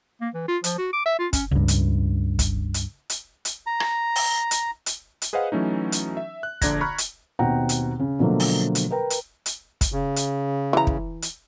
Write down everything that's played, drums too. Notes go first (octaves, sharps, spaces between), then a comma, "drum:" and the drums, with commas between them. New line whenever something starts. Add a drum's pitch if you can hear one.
A#3
E3
F4
F3, drum: hi-hat
F#4
D6
E5
F4
C#4, drum: kick, hi-hat
C#2 G2
drum: hi-hat
drum: kick, hi-hat
drum: hi-hat
drum: hi-hat
drum: hi-hat
A#5
drum: rim click
drum: open hi-hat
drum: hi-hat
drum: hi-hat
drum: hi-hat
G#4 B4 C5 D#5 F5 F#5
E3 F#3 A3 C#4 D#4
drum: hi-hat
E5
F#6
A#1 D3 D5 A#5 G#6 A#6, drum: kick, hi-hat
A#5 B5 C#6 F6 F#6 G#6
drum: hi-hat
D#2 B2 C4 F#5 G5 A#5
drum: hi-hat
C#3
B2 D3 F3 F#3 A3 A#3
drum: open hi-hat
drum: hi-hat
A#4 B4 G5 A#5
drum: hi-hat
drum: hi-hat
drum: kick, hi-hat
C#3
drum: hi-hat
E3 A#5
drum: kick
drum: hi-hat